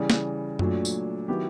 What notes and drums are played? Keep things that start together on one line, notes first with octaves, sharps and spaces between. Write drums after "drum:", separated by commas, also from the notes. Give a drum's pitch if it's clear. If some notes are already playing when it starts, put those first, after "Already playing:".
Already playing: C#3 E3 G3
drum: snare
A#2 F#3 A3 D4, drum: tom F#2
drum: tambourine
D#3 F#3 B3 E4 G4